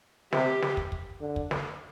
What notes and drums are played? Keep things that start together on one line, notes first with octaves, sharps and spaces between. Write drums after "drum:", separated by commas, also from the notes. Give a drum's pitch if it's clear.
C3 G4, drum: snare
drum: snare
drum: kick
drum: kick
D3
drum: kick
drum: snare